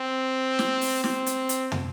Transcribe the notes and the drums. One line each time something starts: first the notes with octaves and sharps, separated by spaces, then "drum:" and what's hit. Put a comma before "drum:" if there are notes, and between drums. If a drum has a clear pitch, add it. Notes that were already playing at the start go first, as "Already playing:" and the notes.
Already playing: C4
drum: snare
drum: open hi-hat
C4, drum: snare
drum: hi-hat
drum: hi-hat
drum: tom